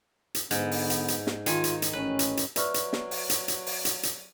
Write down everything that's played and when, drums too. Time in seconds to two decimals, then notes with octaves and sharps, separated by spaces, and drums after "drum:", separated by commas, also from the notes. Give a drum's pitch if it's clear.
0.35 drum: hi-hat
0.51 G#2 D3 B3, drum: hi-hat
0.71 drum: open hi-hat
0.90 drum: hi-hat
1.08 drum: hi-hat
1.27 drum: snare
1.46 D#3 F4 G#5, drum: hi-hat
1.64 drum: hi-hat
1.82 drum: hi-hat
1.93 A1 C#4 B4
2.19 drum: hi-hat
2.37 drum: hi-hat
2.56 F#3 B4 D5 E5 C#6 E6 F6, drum: hi-hat
2.74 drum: hi-hat
2.93 drum: snare
3.11 drum: open hi-hat
3.30 drum: hi-hat
3.48 drum: hi-hat
3.66 drum: open hi-hat
3.85 drum: hi-hat
4.03 drum: hi-hat